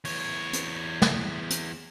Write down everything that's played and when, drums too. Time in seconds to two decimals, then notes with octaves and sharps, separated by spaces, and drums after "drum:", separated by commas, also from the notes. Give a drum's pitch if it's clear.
0.05 E2 C#5, drum: open hi-hat
0.53 drum: hi-hat
1.02 drum: snare
1.50 drum: hi-hat